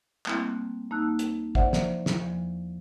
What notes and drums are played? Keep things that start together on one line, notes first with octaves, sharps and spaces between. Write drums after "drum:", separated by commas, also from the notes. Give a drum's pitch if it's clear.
G3 A3 A#3 C4 E4, drum: clap
D2 A#3 D#4 A5 E6 F#6
drum: hi-hat
C5 D5 E5 F#5, drum: kick
F3, drum: snare
drum: snare
E2 F3